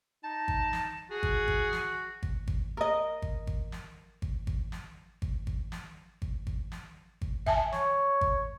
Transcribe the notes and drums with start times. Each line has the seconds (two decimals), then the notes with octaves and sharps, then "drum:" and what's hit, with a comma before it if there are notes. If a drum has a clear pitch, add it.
0.24 D#4 A5
0.48 drum: kick G#1
0.73 drum: snare
1.11 F#4 G#4
1.23 drum: kick G#1
1.48 drum: kick G#1
1.73 drum: snare
2.23 drum: kick G#1
2.48 drum: kick G#1
2.77 A#4 D#5
3.22 drum: kick G#1
3.47 drum: kick G#1
3.72 drum: snare
4.22 drum: kick G#1
4.47 drum: kick G#1
4.72 drum: snare
5.22 drum: kick G#1
5.47 drum: kick G#1
5.72 drum: snare
6.22 drum: kick G#1
6.47 drum: kick G#1
6.72 drum: snare
7.21 drum: kick G#1
7.46 E5 G#5 A5, drum: kick G#1
7.72 C#5, drum: snare
8.21 drum: kick G#1